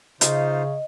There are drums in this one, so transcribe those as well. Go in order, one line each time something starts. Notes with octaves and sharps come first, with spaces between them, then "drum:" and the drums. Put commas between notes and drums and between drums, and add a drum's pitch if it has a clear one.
C#3 D#4 F4 C5 D#5, drum: hi-hat